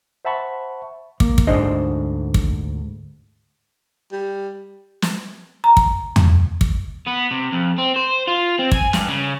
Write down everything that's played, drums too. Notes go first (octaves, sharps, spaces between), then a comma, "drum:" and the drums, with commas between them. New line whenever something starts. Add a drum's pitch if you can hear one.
C5 E5 F#5 A5 B5 C#6
A#3, drum: kick
drum: kick
D2 G#2 D4 C5 D#5
drum: kick
G3
drum: snare
A#5
drum: kick
drum: tom E2
drum: kick
B3
C3
F2
C4
C5
F4
C4
G#5, drum: kick
G2, drum: snare
C#3